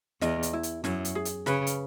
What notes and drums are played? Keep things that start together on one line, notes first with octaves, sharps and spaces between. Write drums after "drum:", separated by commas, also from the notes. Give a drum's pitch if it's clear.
E2 D#5, drum: snare
drum: hi-hat
E4
drum: hi-hat
F#2 E4, drum: snare
drum: hi-hat
G#4
drum: hi-hat
C#3 B4, drum: snare
drum: hi-hat